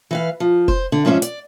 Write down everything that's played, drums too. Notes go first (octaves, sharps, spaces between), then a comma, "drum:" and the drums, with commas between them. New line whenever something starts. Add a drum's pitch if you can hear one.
E3 B4 F5
F3
C5, drum: kick F1
D3
G#2 F3 C#4 C5 C#5 E5
D5, drum: hi-hat